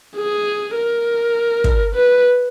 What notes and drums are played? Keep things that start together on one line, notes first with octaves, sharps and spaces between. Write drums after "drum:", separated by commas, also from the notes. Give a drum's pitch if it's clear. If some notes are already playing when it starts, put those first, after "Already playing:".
G#4
A#4
drum: kick
B4